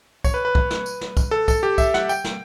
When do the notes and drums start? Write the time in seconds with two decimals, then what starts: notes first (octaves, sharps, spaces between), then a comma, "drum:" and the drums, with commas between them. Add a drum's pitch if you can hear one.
0.24 C#5, drum: kick, tambourine
0.34 B4
0.45 B4
0.55 drum: kick
0.70 drum: snare
0.86 drum: tambourine
1.01 drum: snare
1.17 drum: kick, tambourine
1.31 A4
1.48 A4, drum: kick, tambourine
1.63 G4
1.78 E5, drum: kick, tambourine
1.94 F#5, drum: snare
2.09 G5, drum: tambourine
2.24 drum: snare